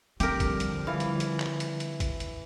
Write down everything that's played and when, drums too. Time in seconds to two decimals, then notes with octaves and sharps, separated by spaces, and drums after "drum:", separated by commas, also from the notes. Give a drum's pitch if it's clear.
0.20 D3 F3 G3 C4 G4 A#4, drum: hi-hat
0.40 drum: kick A1, hi-hat
0.60 drum: hi-hat
0.87 E3 F5
1.00 drum: hi-hat
1.20 drum: hi-hat
1.40 drum: clap
1.60 drum: hi-hat
1.80 drum: hi-hat
2.00 drum: kick A1, hi-hat
2.20 drum: hi-hat